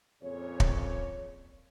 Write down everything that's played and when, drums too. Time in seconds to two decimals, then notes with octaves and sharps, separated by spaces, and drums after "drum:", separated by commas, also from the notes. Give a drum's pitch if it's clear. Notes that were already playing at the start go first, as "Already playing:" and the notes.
0.23 F2 A#2 C#3 C#5
0.60 drum: kick